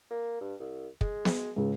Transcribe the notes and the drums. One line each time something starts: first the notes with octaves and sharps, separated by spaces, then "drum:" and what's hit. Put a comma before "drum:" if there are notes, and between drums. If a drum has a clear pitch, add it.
A#3
G2
C2
G#3, drum: kick
drum: snare B3
C#2 G#2 C#3